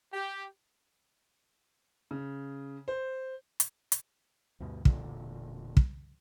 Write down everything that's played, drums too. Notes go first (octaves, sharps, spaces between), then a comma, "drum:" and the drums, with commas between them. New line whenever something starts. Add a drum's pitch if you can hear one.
G4
C#3
C5
drum: hi-hat
drum: hi-hat
D2 G2 B2
E1 A#2 D3, drum: kick
drum: kick